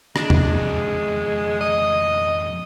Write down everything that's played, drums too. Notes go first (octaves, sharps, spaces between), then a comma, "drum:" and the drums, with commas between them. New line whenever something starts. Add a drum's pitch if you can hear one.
G#3 D4, drum: rim click
drum: tom E2
F2 B2
D#5